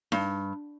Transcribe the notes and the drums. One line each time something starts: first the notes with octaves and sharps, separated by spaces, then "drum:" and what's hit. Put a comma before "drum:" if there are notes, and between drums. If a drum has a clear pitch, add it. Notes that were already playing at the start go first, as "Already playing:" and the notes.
G2, drum: snare D#4